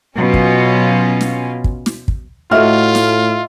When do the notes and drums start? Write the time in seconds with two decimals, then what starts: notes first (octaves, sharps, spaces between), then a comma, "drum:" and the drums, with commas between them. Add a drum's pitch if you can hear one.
0.17 B2 F#3 C#4 F4
0.34 drum: kick
1.21 drum: snare
1.64 drum: kick
1.86 drum: snare
2.08 drum: kick
2.51 A2 A3 F4 F#4 D#5 E5 F6
2.95 drum: snare